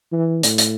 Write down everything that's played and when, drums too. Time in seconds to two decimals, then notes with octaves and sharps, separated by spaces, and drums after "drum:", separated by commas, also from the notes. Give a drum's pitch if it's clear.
0.12 E3
0.43 A2, drum: hi-hat
0.58 drum: hi-hat